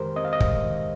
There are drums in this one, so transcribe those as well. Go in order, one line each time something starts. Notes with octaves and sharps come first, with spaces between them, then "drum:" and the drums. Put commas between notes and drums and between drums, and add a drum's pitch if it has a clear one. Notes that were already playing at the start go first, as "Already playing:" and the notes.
Already playing: F2 D#3 G#3 G4 A#4 C5
C4 D#5
F5
D#5
G#3, drum: kick
D#3